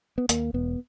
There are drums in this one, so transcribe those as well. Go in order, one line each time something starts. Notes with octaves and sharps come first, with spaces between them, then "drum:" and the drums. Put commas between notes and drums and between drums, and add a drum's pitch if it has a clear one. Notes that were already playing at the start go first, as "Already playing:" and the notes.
B3
D#2 A#3, drum: hi-hat
E1 B3